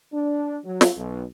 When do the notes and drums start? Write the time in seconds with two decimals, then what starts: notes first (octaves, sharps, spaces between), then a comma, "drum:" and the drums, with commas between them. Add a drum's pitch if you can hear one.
0.13 D4
0.65 F#3
0.81 drum: snare
0.96 B1